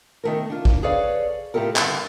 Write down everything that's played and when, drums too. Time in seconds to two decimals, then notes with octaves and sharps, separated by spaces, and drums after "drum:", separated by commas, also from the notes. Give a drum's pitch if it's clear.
0.24 D#3 A3 A#4
0.50 D4 F4
0.65 drum: kick
0.83 G#4 A4 B4 C#5 D5 F5
1.54 A2 F4 G4 A4 A#4
1.76 G2 D3, drum: clap